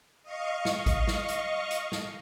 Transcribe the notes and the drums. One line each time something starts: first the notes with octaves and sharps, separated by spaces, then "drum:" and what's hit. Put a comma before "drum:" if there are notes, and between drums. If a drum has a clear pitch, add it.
D#5 F5 C#6
drum: snare
drum: kick G#1, hi-hat
drum: snare
drum: hi-hat
drum: hi-hat
drum: snare